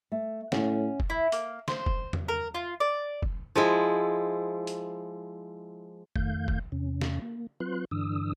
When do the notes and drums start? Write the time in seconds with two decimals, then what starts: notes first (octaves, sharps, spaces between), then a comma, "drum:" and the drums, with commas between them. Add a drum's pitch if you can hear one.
0.12 A3
0.52 A2 C#4 C#5 F#5, drum: snare
1.00 drum: kick F1
1.10 E4
1.32 A#3, drum: hi-hat
1.68 C5, drum: snare
1.86 drum: kick F1
2.13 drum: tom E2
2.28 A#4
2.55 F4
2.80 D5
3.22 drum: kick F1
3.56 F3 G#3 E4
4.67 drum: hi-hat
6.16 F2 D#3 A3 F5 G6, drum: kick F1
6.48 drum: kick F1
6.72 E2 C3 C#4
7.01 drum: snare
7.22 A#3
7.60 F#3 C4 F4 B4 C6 F#6
7.91 G2 D3 E3 D4 D#6 E6